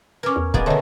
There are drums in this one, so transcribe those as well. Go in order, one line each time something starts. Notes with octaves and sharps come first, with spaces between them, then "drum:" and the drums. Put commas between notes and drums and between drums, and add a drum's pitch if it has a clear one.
C#4 A#4 B4 D6
E2
D1 A#3 B3 G#4 D5 D#5, drum: kick
B2 D3 D#3 A3 A#4 C#5 D#5